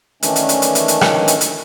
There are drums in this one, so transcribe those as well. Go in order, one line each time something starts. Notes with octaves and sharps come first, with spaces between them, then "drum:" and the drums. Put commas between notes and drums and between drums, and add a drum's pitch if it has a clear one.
D#3 E3 A3 C#4 D4, drum: hi-hat
drum: hi-hat
drum: hi-hat
drum: hi-hat
drum: hi-hat
drum: hi-hat
drum: rim click
drum: hi-hat
drum: hi-hat